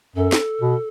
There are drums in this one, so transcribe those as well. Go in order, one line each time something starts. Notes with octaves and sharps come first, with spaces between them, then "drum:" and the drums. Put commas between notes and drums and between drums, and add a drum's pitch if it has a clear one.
F#2 A4
drum: snare
B2